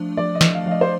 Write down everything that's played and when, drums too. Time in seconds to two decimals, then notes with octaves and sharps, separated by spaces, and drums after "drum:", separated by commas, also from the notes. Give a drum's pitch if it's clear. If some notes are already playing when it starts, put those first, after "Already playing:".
Already playing: F3 A3 D4
0.17 F3 D5
0.35 D#5
0.41 A3, drum: snare
0.53 F5
0.66 F3 F5
0.71 D#5
0.81 C5